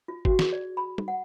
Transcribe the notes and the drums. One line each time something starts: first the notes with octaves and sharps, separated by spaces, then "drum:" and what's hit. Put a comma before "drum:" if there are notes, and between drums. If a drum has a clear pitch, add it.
F4
F#4, drum: kick G1
G#4, drum: snare
D5
B5
drum: tom
F#5